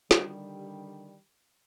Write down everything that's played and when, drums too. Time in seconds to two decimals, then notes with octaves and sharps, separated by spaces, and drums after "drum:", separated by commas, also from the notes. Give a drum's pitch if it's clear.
0.11 D3 D#3 G3, drum: snare